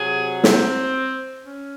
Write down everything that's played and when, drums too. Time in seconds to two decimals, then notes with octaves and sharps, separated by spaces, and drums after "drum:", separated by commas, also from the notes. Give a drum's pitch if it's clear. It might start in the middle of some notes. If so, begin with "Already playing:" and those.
Already playing: C3 F#3 G#4
0.44 C4, drum: snare
1.42 C#4